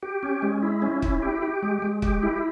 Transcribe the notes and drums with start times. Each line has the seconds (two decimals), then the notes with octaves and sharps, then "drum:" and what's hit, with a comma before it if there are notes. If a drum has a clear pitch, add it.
0.03 G4
0.23 C#4
0.42 G#3
0.62 E4
0.82 C#4
1.02 E4, drum: kick
1.22 G4
1.42 G4
1.63 G#3
1.82 G#3
2.02 G4, drum: kick
2.23 E4